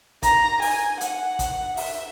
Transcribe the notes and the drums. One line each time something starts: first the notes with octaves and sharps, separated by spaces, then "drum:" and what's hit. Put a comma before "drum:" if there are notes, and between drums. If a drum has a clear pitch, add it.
A#5, drum: kick, hi-hat
G#5, drum: open hi-hat
F#5, drum: hi-hat
drum: kick, hi-hat
E5, drum: open hi-hat